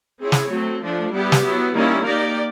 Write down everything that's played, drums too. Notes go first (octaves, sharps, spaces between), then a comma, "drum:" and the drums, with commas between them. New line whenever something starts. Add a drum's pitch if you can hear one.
C4 E4 G#4 C#5
drum: snare
F#3 A3 C4
F3 A3 D4
G3 B3 E4 G4
drum: snare
F#3 B3 E4
D#3 G3 A#3 C#4 E4
A#3 D#4 G4 A#4 D5